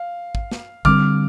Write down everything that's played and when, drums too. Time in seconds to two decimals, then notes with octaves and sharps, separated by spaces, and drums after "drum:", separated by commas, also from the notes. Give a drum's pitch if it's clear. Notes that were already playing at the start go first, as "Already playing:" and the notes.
Already playing: F5
0.35 drum: kick
0.52 drum: snare
0.85 D3 G3 C4 D6 F6, drum: kick